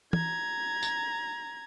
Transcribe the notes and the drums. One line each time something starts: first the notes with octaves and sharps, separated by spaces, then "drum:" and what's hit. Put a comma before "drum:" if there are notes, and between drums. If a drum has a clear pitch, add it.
A#5 G#6, drum: tom
drum: tambourine